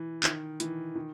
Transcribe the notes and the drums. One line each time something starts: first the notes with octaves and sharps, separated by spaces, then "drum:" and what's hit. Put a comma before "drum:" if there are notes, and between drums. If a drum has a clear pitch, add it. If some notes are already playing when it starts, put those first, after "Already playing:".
Already playing: E3
D#3, drum: clap
E3, drum: hi-hat
D#3